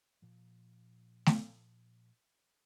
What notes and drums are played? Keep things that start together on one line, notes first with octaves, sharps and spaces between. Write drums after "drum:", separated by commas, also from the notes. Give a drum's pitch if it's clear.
A#2 F3
drum: snare A3